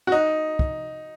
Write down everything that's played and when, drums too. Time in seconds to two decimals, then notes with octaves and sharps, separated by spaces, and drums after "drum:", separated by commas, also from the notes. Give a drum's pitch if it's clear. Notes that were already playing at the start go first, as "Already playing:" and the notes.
0.07 F#4
0.12 D#4
0.59 drum: kick